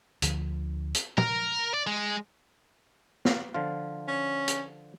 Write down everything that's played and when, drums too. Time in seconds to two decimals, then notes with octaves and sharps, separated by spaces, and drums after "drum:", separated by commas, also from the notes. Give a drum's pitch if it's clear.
0.22 D2 D3 F3, drum: hi-hat
0.94 drum: hi-hat
1.18 A#4, drum: tom
1.74 D5
1.87 G#3
3.25 drum: snare
3.54 D3 F3 F4
4.08 C#4
4.48 drum: hi-hat